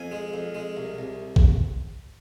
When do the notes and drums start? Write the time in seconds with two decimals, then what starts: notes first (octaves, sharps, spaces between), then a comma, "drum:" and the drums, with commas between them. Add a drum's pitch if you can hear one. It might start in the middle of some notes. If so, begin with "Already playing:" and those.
Already playing: F2 G#5
0.11 G#3
0.34 F2
0.55 G#3
0.77 C2
0.98 C2
1.36 drum: kick A1